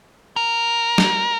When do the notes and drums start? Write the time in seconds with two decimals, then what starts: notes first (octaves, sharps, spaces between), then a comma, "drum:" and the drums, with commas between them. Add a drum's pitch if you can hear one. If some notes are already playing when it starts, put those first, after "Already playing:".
0.36 A#4
0.98 drum: snare